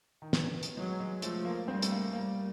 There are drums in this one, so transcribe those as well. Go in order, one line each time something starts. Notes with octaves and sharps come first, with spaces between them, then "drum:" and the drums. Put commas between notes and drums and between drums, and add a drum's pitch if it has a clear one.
D#3
E3, drum: snare
drum: hi-hat
F#3 G#3
G#3
F3 A3, drum: hi-hat
A#3
G3 C4
A3, drum: hi-hat
A#3
G3 A#3